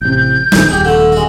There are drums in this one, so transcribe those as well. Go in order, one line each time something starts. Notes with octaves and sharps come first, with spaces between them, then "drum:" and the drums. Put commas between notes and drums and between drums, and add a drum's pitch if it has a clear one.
A1 C3 G6
A#1 D#3, drum: snare
D#1 G4 G#4 G#5
D3 A3
G#3 F#4